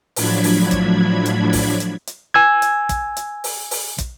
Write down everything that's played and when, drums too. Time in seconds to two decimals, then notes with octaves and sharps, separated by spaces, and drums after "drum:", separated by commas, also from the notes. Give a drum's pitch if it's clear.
0.16 A2 F3 F#3 D4 B5 G#6, drum: open hi-hat
0.44 drum: open hi-hat
0.71 drum: kick, hi-hat
1.26 drum: hi-hat
1.53 drum: kick, open hi-hat
1.80 drum: hi-hat
2.07 drum: hi-hat
2.34 G#5 E6 G#6
2.62 drum: hi-hat
2.89 drum: kick, hi-hat
3.17 drum: hi-hat
3.44 drum: open hi-hat
3.71 drum: open hi-hat
3.98 drum: kick, hi-hat